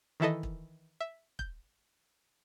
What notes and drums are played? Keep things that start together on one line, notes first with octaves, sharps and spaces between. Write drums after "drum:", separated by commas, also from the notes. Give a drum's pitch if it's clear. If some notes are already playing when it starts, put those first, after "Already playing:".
D#3 E3 E4 A4 D#5
drum: kick
E5
G6, drum: kick